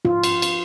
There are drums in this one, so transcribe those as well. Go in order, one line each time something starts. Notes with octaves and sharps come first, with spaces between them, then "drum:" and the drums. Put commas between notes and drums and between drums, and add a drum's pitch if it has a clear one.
F4, drum: tom G#2
drum: cymbal
drum: cymbal